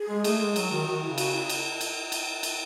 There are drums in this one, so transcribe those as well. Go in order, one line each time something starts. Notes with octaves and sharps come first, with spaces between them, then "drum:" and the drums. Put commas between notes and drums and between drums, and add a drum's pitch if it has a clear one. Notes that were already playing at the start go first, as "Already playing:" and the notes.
Already playing: G#4
G#3
A3, drum: cymbal
G#3
F#3, drum: cymbal
D#3 F#4
D#3 F#4
C#3 E4
F#4, drum: cymbal
E4
drum: cymbal
drum: cymbal
drum: cymbal
drum: cymbal